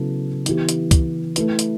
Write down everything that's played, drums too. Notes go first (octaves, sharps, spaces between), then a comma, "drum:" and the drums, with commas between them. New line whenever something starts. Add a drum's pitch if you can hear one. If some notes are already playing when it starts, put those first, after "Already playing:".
Already playing: C#3 F#3 B3 E4 A4
E3 B3 E4 G4, drum: hi-hat
drum: hi-hat
drum: kick C2, hi-hat
A3 E4 B4, drum: hi-hat
drum: hi-hat